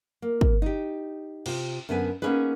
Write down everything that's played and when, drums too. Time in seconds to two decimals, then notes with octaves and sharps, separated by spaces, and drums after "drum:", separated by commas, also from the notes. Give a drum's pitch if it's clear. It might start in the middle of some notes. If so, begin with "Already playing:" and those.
0.22 A#3
0.41 drum: kick
0.62 D#4 G4
1.46 C3 F4, drum: cymbal
1.89 F#2 D3 B3 B4 G#5
2.22 A#3 B3 C#4 D#4 G#4 B4